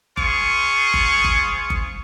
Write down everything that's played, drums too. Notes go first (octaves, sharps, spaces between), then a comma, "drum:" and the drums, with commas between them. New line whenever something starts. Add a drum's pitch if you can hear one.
F4 G#4 C5 C#6, drum: kick F#1
drum: kick F#1
drum: kick F#1
drum: kick F#1